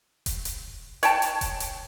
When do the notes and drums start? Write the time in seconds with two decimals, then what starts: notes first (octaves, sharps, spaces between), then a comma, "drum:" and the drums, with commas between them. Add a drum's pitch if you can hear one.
0.26 drum: kick E1, hi-hat
0.45 drum: hi-hat
1.03 C#5 G5 A5, drum: hi-hat
1.22 drum: hi-hat
1.41 drum: kick E1, hi-hat
1.60 drum: hi-hat